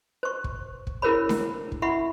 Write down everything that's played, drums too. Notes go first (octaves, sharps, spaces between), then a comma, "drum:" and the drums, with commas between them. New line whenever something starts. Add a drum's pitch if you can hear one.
C5 C#6
drum: kick
drum: kick
E4 G#4 A#4 C5 C#5 B5
drum: snare D4
drum: kick
E4 E5 F#5 B5 C#6